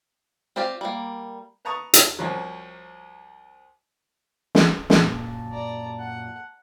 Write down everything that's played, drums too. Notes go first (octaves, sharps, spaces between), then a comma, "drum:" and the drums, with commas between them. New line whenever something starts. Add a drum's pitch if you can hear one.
C4 F4 G4 D5 F5
G3 A#3
B4 A5 A#5 C#6 D#6
drum: hi-hat
C2 F3 F#3
drum: snare
F#2 A#2 A5, drum: snare
D5 A#5
F#5